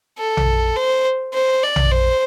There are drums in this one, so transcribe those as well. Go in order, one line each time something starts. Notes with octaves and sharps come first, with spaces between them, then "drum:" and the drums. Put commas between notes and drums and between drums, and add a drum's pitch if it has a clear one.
A4
drum: tom A#1
C5
C5
D5
drum: tom A#1
C5